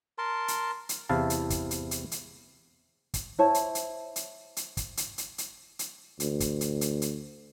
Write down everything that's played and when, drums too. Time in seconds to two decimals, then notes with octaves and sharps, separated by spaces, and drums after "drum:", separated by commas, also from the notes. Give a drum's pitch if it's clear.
0.18 A#4 A5 C6
0.48 drum: hi-hat
0.89 drum: hi-hat
1.09 E2 C3 E4 F5 A5
1.30 drum: hi-hat
1.50 drum: kick, hi-hat
1.71 drum: hi-hat
1.91 drum: hi-hat
2.12 drum: hi-hat
3.14 drum: kick, hi-hat
3.39 E4 C5 C#5 A5
3.54 drum: hi-hat
3.75 drum: hi-hat
4.16 drum: hi-hat
4.57 drum: hi-hat
4.77 drum: kick, hi-hat
4.97 drum: hi-hat
5.18 drum: hi-hat
5.38 drum: hi-hat
5.79 drum: hi-hat
6.20 D2, drum: hi-hat
6.40 drum: kick, hi-hat
6.61 drum: hi-hat
6.81 drum: hi-hat
7.02 drum: hi-hat